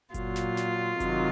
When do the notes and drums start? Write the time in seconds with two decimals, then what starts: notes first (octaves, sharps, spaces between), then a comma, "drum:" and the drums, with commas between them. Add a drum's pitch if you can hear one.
0.14 A#2 F#3 F4, drum: kick F#1, hi-hat
0.36 drum: snare
0.57 drum: snare
1.00 C3 D#3 F#3, drum: kick F#1, hi-hat